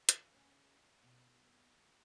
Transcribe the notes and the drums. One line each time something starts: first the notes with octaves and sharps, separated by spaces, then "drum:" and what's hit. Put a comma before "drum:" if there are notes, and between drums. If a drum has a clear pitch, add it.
E3 F4, drum: hi-hat
C#4 G#4
B2